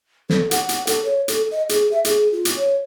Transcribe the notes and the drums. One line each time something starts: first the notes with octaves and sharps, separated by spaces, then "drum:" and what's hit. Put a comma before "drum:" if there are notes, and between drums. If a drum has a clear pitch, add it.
A4, drum: snare
F#5, drum: hi-hat
drum: hi-hat
A4, drum: hi-hat
C#5
A4, drum: hi-hat
D#5
G#4, drum: hi-hat
E5
G#4, drum: hi-hat
F4
drum: hi-hat
C#5